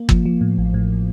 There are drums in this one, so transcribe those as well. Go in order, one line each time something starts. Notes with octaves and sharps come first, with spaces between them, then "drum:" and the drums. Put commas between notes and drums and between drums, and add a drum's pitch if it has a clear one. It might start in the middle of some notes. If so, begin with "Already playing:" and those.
Already playing: A#3
F3, drum: kick G1
F3
A2
A1
A2